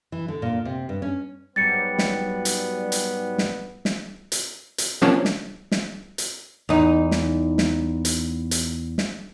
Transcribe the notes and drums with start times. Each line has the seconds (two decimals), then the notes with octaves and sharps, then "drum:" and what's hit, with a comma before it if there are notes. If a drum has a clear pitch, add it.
0.12 E3
0.28 D3
0.42 A#2
0.65 C3
0.89 G2
1.02 C#4
1.56 G#2 F#3 G3 B3 A6 C#7
1.99 drum: snare
2.45 drum: hi-hat
2.92 drum: hi-hat
3.38 drum: snare
3.85 drum: snare
4.32 drum: hi-hat
4.78 drum: hi-hat
5.02 C3 F3 F#3 A#3 C#4 D4
5.25 drum: snare
5.72 drum: snare
6.18 drum: hi-hat
6.69 E2 D#4
7.11 drum: snare
7.58 drum: snare
8.05 drum: hi-hat
8.51 drum: hi-hat
8.98 drum: snare